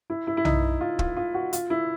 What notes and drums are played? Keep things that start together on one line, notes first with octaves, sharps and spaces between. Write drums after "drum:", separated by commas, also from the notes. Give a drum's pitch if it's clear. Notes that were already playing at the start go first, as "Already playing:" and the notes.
E4
E4
E4
D#4, drum: tom B1
F4
F4, drum: kick
F4
F#4
F4, drum: hi-hat
E4